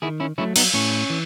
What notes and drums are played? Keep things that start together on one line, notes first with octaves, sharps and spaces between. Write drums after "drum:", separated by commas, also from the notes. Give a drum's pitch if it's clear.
D#3 E4 G#4
C#4 E4
F#3 A3 C#4 E4
B3 D#4, drum: cymbal
A2 C#4
E3